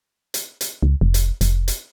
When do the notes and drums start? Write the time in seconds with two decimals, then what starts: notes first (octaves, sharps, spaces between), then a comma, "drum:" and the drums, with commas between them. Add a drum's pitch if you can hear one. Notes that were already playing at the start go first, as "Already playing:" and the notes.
0.34 drum: hi-hat
0.61 drum: hi-hat
0.83 C#2
1.01 F1
1.14 drum: hi-hat
1.41 F1, drum: hi-hat
1.68 drum: hi-hat